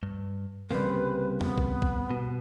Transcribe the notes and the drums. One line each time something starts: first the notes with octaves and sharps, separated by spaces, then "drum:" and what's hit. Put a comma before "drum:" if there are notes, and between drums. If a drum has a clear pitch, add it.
G2
C2 C#3 G3 A#3 C4 B4
B3, drum: tom E2
drum: kick
drum: kick
B2